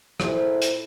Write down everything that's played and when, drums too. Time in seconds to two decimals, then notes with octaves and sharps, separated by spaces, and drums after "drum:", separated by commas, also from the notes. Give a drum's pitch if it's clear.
0.20 A#2 E4 A4 C5, drum: rim click
0.62 drum: hi-hat